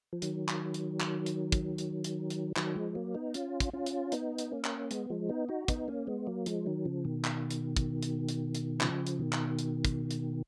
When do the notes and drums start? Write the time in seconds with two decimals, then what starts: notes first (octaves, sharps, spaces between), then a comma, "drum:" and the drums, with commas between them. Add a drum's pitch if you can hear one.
0.13 F3
0.22 D#3 F#3, drum: hi-hat
0.48 drum: clap
0.74 drum: hi-hat
1.00 drum: clap
1.26 drum: hi-hat
1.52 drum: kick, hi-hat
1.78 drum: hi-hat
2.04 drum: hi-hat
2.30 drum: hi-hat
2.56 D#3 F#3, drum: clap
2.76 F3 G#3
2.95 F#3 A#3
3.14 B3 D#4
3.34 C#4 F4, drum: hi-hat
3.60 drum: kick, hi-hat
3.73 C#4 F4
3.86 drum: hi-hat
4.12 B3 D#4, drum: hi-hat
4.38 drum: hi-hat
4.52 A#3 C#4
4.64 drum: clap
4.91 G#3 B3, drum: hi-hat
5.10 F3 G#3
5.29 B3 D#4
5.49 D#4 F#4
5.68 B3 D#4, drum: kick, hi-hat
5.88 A#3 C#4
6.07 G#3 B3
6.27 F#3 A#3
6.46 F3 G#3, drum: hi-hat
6.66 D#3 F#3
6.85 C#3 F3
7.05 B2 D#3
7.25 drum: clap
7.51 drum: hi-hat
7.77 drum: kick, hi-hat
8.03 drum: hi-hat
8.29 drum: hi-hat
8.55 drum: hi-hat
8.81 C#3 F3, drum: clap
9.07 drum: hi-hat
9.19 B2 D#3
9.33 drum: clap
9.59 drum: hi-hat
9.85 drum: kick, hi-hat
10.11 drum: hi-hat